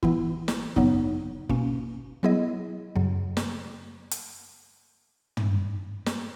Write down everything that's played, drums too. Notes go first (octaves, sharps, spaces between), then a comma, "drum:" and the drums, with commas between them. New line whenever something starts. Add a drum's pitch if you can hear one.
E3 B3 E4, drum: kick
drum: snare
F#2 C#3 F#3 B3 D#4, drum: kick
B2 A#3 C#4, drum: kick
F#3 B3 E4 G#4 D#5
F#2 C#3 F#3
drum: snare
drum: hi-hat
drum: tom
drum: snare